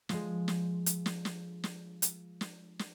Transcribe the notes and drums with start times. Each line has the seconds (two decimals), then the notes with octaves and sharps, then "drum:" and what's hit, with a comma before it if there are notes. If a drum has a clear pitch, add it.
0.09 F3 G#3, drum: snare
0.48 drum: snare
0.86 drum: hi-hat
1.06 drum: snare
1.25 drum: snare
1.64 drum: snare
2.02 drum: hi-hat
2.41 drum: snare
2.79 drum: snare